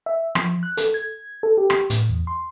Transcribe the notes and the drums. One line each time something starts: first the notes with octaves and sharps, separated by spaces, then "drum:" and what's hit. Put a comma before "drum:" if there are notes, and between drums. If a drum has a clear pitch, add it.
E5
F3, drum: rim click
F#6
A4, drum: hi-hat
G#6
A4
G4
drum: rim click
A2, drum: hi-hat
E2
C6